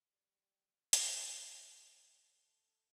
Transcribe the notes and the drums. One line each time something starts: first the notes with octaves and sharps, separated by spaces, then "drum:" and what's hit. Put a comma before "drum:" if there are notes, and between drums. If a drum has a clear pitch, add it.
G3
B4, drum: hi-hat
A3